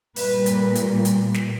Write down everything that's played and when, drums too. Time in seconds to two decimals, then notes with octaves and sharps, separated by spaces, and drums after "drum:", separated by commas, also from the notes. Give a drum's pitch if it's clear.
0.16 A#2 G3 B4, drum: open hi-hat
0.46 drum: hi-hat
0.75 drum: hi-hat
1.05 drum: hi-hat
1.34 drum: snare